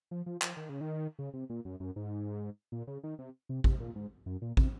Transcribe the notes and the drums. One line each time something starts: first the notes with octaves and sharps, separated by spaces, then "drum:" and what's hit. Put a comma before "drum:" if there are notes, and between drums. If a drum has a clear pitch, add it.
F3
F3
F3, drum: clap
D#3
C#3
D#3
C#3
C3
A#2
F#2
F#2
G#2
A#2
C#3
D#3
C3
C3
C3, drum: kick
A#2
G#2
F#2
A#2
C3, drum: kick